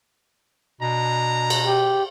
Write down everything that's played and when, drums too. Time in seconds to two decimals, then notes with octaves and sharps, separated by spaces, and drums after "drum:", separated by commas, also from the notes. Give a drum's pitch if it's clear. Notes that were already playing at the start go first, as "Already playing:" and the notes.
0.81 B2 D4 A#5
1.50 drum: cymbal
1.66 G4